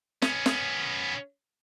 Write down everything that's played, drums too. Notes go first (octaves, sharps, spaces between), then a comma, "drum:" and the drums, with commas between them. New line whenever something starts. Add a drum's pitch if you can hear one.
B3 C#4, drum: snare
drum: snare